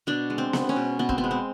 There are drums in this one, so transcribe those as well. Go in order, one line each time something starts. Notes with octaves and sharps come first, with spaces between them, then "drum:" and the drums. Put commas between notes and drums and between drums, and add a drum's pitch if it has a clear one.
B2 D4
G#3
C4
B3, drum: snare B3
C#4
B2
B2 B3
C4, drum: kick
B3
G#3
C4